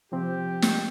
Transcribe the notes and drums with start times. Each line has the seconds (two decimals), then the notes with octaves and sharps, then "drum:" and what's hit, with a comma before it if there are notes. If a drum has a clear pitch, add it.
0.12 C3 F3 C4 G4
0.62 drum: snare